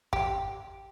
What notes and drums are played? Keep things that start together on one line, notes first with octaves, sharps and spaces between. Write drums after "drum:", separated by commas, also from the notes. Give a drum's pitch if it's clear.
G4, drum: kick